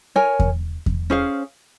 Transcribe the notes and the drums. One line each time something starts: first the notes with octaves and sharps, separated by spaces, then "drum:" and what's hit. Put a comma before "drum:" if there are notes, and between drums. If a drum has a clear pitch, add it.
A#4 C#5 G#5
drum: kick E2
drum: kick E2
C#4 G#4 C5 F5